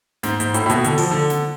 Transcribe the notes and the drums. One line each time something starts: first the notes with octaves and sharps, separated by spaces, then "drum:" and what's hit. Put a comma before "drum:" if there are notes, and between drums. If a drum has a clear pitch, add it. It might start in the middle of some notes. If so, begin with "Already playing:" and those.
G#2, drum: snare
G#2, drum: hi-hat
A2, drum: hi-hat
A2
B2, drum: hi-hat
D3, drum: hi-hat
F3, drum: open hi-hat
D3
drum: snare